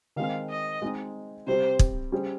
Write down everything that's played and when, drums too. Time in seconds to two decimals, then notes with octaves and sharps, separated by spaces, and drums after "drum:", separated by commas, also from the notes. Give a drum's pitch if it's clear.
0.16 D#3 G#3 C4 F5
0.50 D#5
0.82 G#3 C4 D#4
1.47 C3 G3 C4 G4 C5
1.79 drum: kick
2.12 G3 C#4 G#4 C5